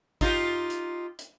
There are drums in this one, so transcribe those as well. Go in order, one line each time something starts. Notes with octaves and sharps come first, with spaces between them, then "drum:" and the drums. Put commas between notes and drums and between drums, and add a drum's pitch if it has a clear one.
D#4 F4 G4, drum: kick G#1, hi-hat
drum: hi-hat
drum: hi-hat